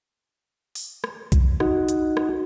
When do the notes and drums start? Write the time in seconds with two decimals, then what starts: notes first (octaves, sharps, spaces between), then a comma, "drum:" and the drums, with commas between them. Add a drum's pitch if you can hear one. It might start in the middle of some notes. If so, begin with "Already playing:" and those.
0.75 drum: open hi-hat
1.04 drum: rim click
1.32 drum: kick, hi-hat
1.60 D#4 F#4, drum: rim click
1.89 drum: hi-hat
2.17 drum: rim click